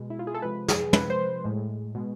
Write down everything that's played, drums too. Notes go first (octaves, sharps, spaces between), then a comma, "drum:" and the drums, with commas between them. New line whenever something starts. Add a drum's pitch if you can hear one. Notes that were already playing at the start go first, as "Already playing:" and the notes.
Already playing: B2 G#3
E4
F4
G#4
A4
C3 F3 G#3 B4
G#4, drum: snare
C3 F3 G#3 B4, drum: tom
C5
A2 G#3
B2 G#3